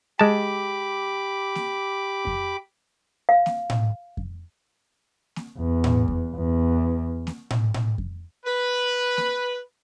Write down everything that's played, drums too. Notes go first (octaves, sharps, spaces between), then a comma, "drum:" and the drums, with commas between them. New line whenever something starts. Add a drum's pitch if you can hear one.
G#3 G4 A5 B5 D6
drum: snare A#3
drum: kick F2
F5
drum: snare A#3
drum: tom A2
drum: kick F2
drum: snare A#3
E2
drum: tom A2
drum: kick F2
E2
drum: snare A#3
drum: tom A2
drum: tom A2
drum: kick F2
B4
drum: snare A#3